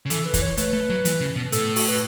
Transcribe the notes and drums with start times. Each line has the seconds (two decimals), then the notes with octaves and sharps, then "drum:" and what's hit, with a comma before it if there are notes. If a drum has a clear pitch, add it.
0.06 C#3
0.10 E3 A4, drum: hi-hat
0.25 B4
0.34 E3, drum: kick, hi-hat
0.42 C#5
0.57 A3 B4, drum: hi-hat
0.73 A3
0.90 F#3
1.05 E3, drum: hi-hat
1.21 C#3
1.36 B2
1.52 A2 A4, drum: hi-hat
1.76 F#4, drum: open hi-hat
1.88 B4